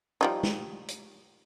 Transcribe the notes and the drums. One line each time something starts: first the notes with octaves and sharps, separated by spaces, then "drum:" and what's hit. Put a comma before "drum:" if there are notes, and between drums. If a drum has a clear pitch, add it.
F3 G3 D#4
drum: snare
drum: hi-hat